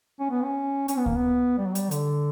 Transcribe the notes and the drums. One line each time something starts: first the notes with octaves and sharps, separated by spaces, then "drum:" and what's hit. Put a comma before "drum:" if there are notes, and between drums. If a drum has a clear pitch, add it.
C#4
B3
C#4
C#4, drum: hi-hat
B3
A#3, drum: kick D2
B3
G3
F#3
G3, drum: hi-hat
D3, drum: hi-hat